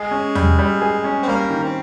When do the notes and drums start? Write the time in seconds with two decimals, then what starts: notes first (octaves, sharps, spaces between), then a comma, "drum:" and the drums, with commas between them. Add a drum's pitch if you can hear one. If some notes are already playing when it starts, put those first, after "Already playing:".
Already playing: G#3 G#4
0.11 C#4
0.35 G3, drum: tom E2
0.59 G3
0.81 G#4
1.04 C#4
1.23 C4
1.28 G3 A#3
1.50 D#3
1.63 C4